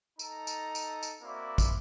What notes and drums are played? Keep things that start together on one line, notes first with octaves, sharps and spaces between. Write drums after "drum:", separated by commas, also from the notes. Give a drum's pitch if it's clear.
D#4 A4 A5 A#5, drum: tambourine
drum: tambourine
drum: tambourine
drum: tambourine
A#3 C4 E4 F#4 D5
drum: kick, tambourine